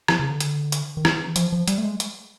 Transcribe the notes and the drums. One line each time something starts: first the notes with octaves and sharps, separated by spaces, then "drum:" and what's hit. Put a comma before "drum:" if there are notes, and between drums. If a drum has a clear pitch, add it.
F3, drum: rim click
C#3
D3
drum: hi-hat
drum: hi-hat
D#3
E3, drum: rim click
F3, drum: hi-hat
F3
G3, drum: hi-hat
A3
G#3
drum: hi-hat